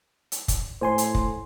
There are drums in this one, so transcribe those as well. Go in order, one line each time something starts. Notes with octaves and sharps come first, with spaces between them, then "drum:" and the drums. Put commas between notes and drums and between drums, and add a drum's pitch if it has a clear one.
drum: hi-hat
drum: kick, hi-hat
A2 C5 G#5 C6
drum: hi-hat
drum: kick